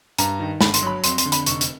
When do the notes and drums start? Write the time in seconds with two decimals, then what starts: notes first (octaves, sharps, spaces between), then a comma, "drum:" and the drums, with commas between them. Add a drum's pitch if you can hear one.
0.18 G2 A#5, drum: hi-hat
0.40 D#3
0.61 G1 B5, drum: snare
0.74 C6, drum: hi-hat
0.82 F#3 B5
1.04 F2 C6, drum: hi-hat
1.18 C6, drum: hi-hat
1.26 D3
1.32 B5, drum: hi-hat
1.46 F1 C#6, drum: hi-hat
1.61 drum: hi-hat